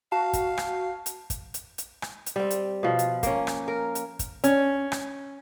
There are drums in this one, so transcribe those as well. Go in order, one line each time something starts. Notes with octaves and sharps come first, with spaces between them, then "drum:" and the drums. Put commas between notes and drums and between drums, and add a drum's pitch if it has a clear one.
F#4 F5 A5
drum: kick, hi-hat
drum: rim click
drum: hi-hat
drum: kick, hi-hat
drum: hi-hat
drum: hi-hat
drum: rim click
drum: hi-hat
G3 C4
drum: hi-hat
B2 F3
drum: hi-hat
A#3 C#4, drum: kick, hi-hat
drum: rim click
A#4
drum: hi-hat
drum: kick, hi-hat
C#4, drum: hi-hat
drum: rim click